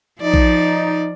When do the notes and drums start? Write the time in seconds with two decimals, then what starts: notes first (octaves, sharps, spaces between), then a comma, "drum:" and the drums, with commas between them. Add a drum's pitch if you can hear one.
0.21 F3 D#4 D5
0.34 drum: kick A#1